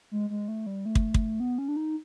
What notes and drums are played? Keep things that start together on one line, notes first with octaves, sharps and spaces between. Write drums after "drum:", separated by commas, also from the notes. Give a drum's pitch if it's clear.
G#3
G#3
A3
G3
A3
drum: kick
drum: kick
B3
C#4
D4
D#4